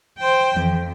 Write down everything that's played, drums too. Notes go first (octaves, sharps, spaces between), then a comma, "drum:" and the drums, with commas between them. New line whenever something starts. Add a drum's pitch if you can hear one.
C5 G5
F2, drum: tom D#3